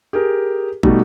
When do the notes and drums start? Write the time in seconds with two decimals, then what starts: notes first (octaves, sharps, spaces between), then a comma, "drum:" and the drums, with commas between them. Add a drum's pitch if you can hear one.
0.13 G4 G#4 A#4
0.83 B2 G3 A3 D#4, drum: kick